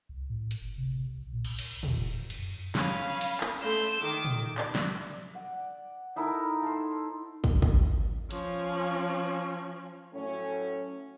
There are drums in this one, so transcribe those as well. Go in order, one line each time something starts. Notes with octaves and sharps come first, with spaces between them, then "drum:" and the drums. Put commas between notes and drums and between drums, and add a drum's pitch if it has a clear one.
C2
A2
drum: hi-hat
G1
C3
B1
A#2
B1, drum: cymbal
B1, drum: cymbal
E2, drum: tom
E1
F#2, drum: cymbal
C#4 F5 B5, drum: snare
drum: cymbal
drum: clap
A3 C6 G6 E7
D#3 D6
drum: tom
D5, drum: clap
drum: snare
F#5
D#4 E4 A4 A#4
A4 C5
drum: kick
drum: kick
F3 C#4, drum: hi-hat
A2 F#3 A3 C#4